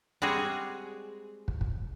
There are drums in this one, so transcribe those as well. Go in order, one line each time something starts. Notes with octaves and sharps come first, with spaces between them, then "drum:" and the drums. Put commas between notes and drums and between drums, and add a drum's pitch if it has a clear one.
G3 G#3 C4 F#4 G#4
drum: kick
drum: kick